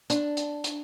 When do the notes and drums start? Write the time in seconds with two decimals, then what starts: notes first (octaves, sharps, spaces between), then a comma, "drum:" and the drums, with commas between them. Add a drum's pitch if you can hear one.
0.10 D4, drum: hi-hat
0.37 drum: hi-hat
0.64 drum: hi-hat